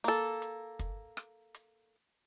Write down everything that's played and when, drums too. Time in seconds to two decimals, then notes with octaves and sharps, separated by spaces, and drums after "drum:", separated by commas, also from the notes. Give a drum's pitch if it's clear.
0.04 A#3 A4, drum: hi-hat
0.42 drum: hi-hat
0.79 drum: kick, hi-hat
1.17 drum: rim click
1.54 drum: hi-hat